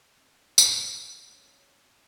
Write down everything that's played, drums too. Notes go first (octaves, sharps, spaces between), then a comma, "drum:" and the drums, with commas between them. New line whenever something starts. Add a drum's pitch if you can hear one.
C4 D4 F4 A4 D5
drum: tambourine
B3 D#4 E4 A4 E5 A5
C#3 A#3 C4 C#4 F4 G4
F2